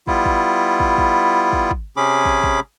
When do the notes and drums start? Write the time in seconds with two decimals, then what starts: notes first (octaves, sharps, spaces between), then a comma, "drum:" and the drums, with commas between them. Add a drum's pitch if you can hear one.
0.07 G3 B3 E4 F4, drum: kick
0.26 drum: kick
0.80 drum: kick
0.98 drum: kick
1.53 drum: kick
1.71 drum: kick
1.97 C3 C#4 G#4 B5 D6
2.25 drum: kick
2.44 drum: kick